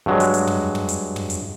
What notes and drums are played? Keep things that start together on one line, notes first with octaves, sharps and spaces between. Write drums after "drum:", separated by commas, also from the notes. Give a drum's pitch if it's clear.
G2 F#3 G#3
drum: hi-hat
drum: hi-hat
drum: tom
drum: tom
drum: hi-hat
drum: tom
drum: hi-hat